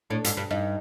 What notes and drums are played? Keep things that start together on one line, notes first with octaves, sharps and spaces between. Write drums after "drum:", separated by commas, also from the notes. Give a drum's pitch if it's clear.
A2 D4
G#2, drum: hi-hat
G2
G2 D#4